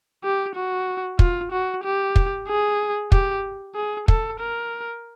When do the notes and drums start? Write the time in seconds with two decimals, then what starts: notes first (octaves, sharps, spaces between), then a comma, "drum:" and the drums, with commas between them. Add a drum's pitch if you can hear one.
0.24 G4
0.55 F#4
1.19 F4, drum: kick
1.52 F#4
1.84 G4
2.16 drum: kick
2.48 G#4
3.12 G4, drum: kick
3.75 G#4
4.08 A4, drum: kick
4.39 A#4